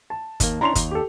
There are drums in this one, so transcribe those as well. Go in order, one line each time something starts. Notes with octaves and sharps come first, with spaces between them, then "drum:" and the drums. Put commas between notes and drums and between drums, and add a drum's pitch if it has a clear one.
A5
D#2 A#3, drum: kick, hi-hat
C#4 D4 E4 A#5 C6 F7
D#2, drum: kick, hi-hat
G4 A4